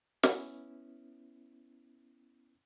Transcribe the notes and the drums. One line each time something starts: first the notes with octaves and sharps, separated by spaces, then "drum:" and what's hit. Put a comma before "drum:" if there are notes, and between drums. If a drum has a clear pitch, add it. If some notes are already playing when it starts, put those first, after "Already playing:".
B3 C#4 E4, drum: snare